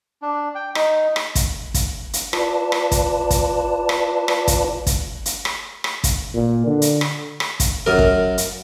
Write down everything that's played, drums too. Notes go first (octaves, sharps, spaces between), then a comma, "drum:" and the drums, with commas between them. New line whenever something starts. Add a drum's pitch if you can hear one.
D4
G5
D#4, drum: rim click
drum: rim click
drum: kick, hi-hat
drum: kick, hi-hat
drum: hi-hat
F4 B4 D5 A5, drum: rim click
drum: rim click
drum: kick, hi-hat
drum: kick, hi-hat
drum: rim click
drum: rim click
drum: kick, hi-hat
drum: kick, hi-hat
drum: hi-hat
drum: rim click
drum: rim click
drum: kick, hi-hat
A#2
D3
drum: hi-hat
drum: rim click
drum: rim click
drum: kick, hi-hat
F#2 A#4
drum: kick
drum: hi-hat